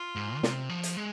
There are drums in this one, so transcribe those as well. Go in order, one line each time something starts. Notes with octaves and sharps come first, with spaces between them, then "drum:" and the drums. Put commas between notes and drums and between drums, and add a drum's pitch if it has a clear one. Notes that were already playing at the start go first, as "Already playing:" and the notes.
Already playing: F4
G#2
D#3
C3, drum: snare
F3
drum: hi-hat
G#3